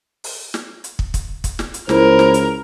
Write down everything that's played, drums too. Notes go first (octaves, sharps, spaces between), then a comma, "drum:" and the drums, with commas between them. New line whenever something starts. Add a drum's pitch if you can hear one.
drum: open hi-hat
drum: snare
drum: hi-hat
drum: kick
drum: kick, hi-hat
drum: kick, hi-hat
drum: snare
drum: hi-hat
C#2 E4 A#4 C5, drum: snare
drum: snare
drum: hi-hat